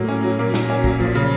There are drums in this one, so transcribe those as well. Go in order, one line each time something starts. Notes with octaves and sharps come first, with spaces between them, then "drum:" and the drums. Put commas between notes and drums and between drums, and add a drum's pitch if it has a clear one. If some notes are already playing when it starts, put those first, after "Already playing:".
Already playing: A2 F#3 A#3
C#4
F#3
A#2 A#3
F#3, drum: snare
C#4
F#3, drum: kick
F3
C#3